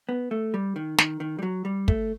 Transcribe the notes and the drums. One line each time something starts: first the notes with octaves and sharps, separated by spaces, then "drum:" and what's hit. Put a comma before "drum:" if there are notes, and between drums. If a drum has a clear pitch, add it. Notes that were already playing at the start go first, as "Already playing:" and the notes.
B3
A3
G3
D#3
D#3, drum: snare
D#3
G3
F#3
G3
A3, drum: kick